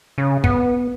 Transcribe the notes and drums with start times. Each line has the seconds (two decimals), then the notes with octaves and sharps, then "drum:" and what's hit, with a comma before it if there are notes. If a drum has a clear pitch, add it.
0.18 C#3
0.44 B3, drum: kick